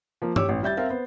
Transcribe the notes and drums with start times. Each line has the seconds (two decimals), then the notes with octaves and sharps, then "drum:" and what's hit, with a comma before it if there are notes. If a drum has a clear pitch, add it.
0.22 F3 A#3
0.36 G4 C#5 D6 E6, drum: tom G2
0.49 A1
0.63 G3 E5 G6 A6
0.77 C4 A#4 E5 F5
0.90 B3 C5